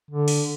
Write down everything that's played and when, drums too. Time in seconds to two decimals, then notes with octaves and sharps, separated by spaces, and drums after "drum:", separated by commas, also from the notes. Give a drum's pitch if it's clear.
0.11 D3
0.28 drum: open hi-hat